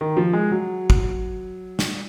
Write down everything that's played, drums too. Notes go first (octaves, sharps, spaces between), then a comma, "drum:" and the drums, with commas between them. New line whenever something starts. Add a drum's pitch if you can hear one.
D#3
F3
G#3
F#3
drum: kick
drum: snare